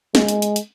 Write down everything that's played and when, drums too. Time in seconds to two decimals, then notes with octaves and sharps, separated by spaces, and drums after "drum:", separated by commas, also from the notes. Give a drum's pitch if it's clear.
0.15 G#3, drum: snare
0.28 drum: hi-hat
0.42 drum: hi-hat
0.56 drum: hi-hat